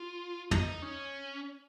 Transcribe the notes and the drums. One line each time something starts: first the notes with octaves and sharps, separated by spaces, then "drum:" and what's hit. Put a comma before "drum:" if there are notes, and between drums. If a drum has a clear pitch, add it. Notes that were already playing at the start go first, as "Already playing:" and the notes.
Already playing: F4
D#4, drum: tom
C#4